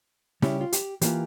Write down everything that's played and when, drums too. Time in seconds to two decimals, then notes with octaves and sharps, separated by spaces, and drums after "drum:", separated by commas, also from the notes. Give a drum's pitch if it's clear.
0.42 C#3 G3 C#4 E4 G4, drum: snare
0.61 F4
0.73 G4, drum: hi-hat
1.01 E3 A#3 D4 F4 G4, drum: hi-hat